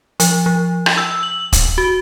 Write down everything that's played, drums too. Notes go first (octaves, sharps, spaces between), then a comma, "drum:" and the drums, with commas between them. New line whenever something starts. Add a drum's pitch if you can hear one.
F3, drum: hi-hat
F3
drum: rim click
E6
F#7
drum: kick, hi-hat
F#4